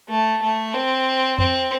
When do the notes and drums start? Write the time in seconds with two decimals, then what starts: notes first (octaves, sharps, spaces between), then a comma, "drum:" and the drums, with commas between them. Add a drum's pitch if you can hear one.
0.09 A3
0.42 A3
0.74 C4
1.38 C4, drum: tom E2